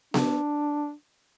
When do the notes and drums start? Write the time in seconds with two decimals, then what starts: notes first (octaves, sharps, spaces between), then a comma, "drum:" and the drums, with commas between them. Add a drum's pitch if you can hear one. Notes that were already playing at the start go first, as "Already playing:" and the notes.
0.14 D4, drum: snare B3